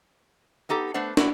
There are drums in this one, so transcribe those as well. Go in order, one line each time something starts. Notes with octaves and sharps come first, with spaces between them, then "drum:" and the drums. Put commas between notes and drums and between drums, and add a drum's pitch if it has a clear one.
B3 D#4 G4 A4
A3 B3 D4 C5 F#5
E4 F#4 D5, drum: snare